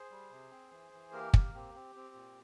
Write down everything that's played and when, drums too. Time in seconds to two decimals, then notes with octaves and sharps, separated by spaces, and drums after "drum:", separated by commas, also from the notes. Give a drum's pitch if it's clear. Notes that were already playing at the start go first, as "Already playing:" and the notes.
Already playing: G#4 C5
0.11 G3
0.31 C3
0.51 C4
0.72 E3
0.93 E3
1.12 A#3 G4 A#4
1.34 A#3, drum: kick
1.54 C4 G4
1.74 C4
1.95 C4
2.15 A#2